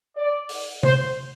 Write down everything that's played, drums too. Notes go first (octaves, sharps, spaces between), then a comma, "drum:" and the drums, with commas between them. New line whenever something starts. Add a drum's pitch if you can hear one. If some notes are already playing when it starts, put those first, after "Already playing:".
D5
drum: open hi-hat
C5, drum: tom C3